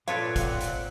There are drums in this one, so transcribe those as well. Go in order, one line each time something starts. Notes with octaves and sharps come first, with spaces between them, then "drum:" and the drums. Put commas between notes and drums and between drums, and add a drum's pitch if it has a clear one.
A#2 A4 B4 C#5 F5 C6 D6
G#2 C4 F#5, drum: kick, hi-hat
drum: hi-hat